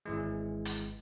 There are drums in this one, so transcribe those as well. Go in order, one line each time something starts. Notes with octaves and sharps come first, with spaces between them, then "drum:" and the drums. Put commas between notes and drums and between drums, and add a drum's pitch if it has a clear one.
G#1 E3 G#3
drum: hi-hat